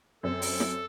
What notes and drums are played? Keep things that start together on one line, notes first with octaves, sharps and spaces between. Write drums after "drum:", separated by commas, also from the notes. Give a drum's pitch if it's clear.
F#2 C4 A4
drum: open hi-hat
drum: snare